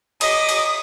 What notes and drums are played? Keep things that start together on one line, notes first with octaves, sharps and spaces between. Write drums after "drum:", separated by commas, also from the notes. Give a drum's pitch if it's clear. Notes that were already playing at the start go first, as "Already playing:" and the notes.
D#5 D6 D#6, drum: cymbal
drum: cymbal